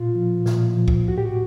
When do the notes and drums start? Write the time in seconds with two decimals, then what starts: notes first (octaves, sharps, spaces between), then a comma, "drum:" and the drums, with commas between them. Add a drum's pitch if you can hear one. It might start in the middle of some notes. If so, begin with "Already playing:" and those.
Already playing: A#2 F4
0.15 F3
0.46 A#2, drum: snare
0.77 F3
0.88 drum: kick
1.08 A2 F#4
1.18 G4
1.25 F#4